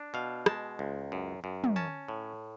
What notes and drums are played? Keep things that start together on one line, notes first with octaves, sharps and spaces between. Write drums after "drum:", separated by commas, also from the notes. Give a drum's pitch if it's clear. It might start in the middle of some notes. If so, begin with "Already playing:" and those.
Already playing: D4
B2 F5
G#3 A5, drum: rim click
C#2
F#2
F#2
drum: tom
C#4 A5
A2